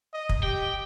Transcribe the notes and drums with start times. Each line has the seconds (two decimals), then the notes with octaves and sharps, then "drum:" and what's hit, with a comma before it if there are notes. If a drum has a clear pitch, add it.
0.13 D#5
0.29 drum: kick
0.43 G4 G5